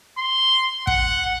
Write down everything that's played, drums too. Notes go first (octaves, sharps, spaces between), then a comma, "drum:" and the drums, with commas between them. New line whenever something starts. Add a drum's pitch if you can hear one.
C6
F#5, drum: kick